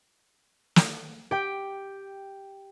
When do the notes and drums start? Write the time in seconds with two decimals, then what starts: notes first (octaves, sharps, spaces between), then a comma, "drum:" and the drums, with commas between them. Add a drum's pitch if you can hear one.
0.76 drum: snare
1.31 G4 G5